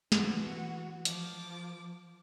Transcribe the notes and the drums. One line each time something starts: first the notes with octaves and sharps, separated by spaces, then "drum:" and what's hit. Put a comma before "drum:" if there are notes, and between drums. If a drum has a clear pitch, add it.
E3 F#4, drum: snare
F3 D6, drum: hi-hat